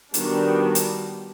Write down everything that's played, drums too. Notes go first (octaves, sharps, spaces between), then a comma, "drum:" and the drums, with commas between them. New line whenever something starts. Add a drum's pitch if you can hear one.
D#3 G3 B3 D4 F#4, drum: hi-hat
drum: hi-hat